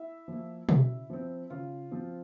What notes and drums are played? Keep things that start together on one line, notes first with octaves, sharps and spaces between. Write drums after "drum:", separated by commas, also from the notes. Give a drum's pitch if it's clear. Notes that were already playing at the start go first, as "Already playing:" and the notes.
Already playing: E4 E5
F3 A#3
C#3, drum: tom B2
F3 C4
C#3 F4 F5
F3 C4